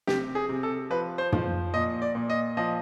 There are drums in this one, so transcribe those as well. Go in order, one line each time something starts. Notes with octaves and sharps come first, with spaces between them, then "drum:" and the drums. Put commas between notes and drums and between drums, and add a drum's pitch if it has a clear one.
C3 G4, drum: snare
G#4
C3
A4
F3 B4
C5
F3, drum: tom
A#2 D#5
D5
A#2
D#5
F3 D#5